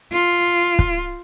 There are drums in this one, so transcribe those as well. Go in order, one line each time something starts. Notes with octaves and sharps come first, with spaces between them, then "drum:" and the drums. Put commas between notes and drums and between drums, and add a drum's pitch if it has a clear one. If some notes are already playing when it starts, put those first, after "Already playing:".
F4
drum: kick